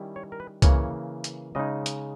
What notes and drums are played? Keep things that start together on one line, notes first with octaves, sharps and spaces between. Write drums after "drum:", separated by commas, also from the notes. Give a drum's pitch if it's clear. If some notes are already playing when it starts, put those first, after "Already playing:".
Already playing: D#3 G3 C#4 E4
C#5
A#4
B4
C#3 E3 A#3 C#5, drum: kick C2, hi-hat
drum: hi-hat
C#3 G#3 D#4 D#5
drum: hi-hat